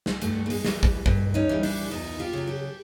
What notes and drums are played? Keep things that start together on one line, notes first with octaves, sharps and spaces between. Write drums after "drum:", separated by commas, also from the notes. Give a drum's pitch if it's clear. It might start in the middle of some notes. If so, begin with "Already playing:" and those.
drum: snare
G2 A3, drum: hi-hat
A3
G#3, drum: open hi-hat
E3 G3, drum: snare
drum: kick
G2, drum: kick
C#4 D#4
E3 G3
D4 E4, drum: open hi-hat
E2 D#4 F4
F4 G4
C#3 F#3
G4 A4